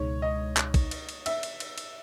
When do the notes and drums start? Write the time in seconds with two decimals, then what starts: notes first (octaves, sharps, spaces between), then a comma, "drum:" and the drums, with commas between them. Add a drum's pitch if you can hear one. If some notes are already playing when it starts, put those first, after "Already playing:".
Already playing: C#2 B2 G#3 D#4 C#5
0.22 D#5
0.57 drum: clap
0.74 drum: kick A1, cymbal
0.91 drum: cymbal
1.09 drum: cymbal
1.26 E5, drum: cymbal
1.43 drum: cymbal
1.60 drum: cymbal
1.78 drum: cymbal